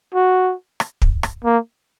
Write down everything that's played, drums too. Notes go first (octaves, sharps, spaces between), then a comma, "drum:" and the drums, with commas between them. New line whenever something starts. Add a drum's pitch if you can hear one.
F#4
drum: rim click
drum: kick
drum: rim click
A#3